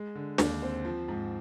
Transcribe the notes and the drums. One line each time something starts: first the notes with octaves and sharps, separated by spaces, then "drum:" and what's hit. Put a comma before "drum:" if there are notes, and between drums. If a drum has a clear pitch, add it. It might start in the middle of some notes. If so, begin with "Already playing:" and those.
Already playing: G#3
D3
D#2, drum: snare
C4
F3
G#2